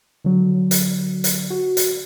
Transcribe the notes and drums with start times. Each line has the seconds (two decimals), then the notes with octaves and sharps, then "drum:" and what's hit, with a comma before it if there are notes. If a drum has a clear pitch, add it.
0.24 D3 F#3
0.71 drum: hi-hat
1.24 drum: hi-hat
1.50 F#4
1.77 drum: hi-hat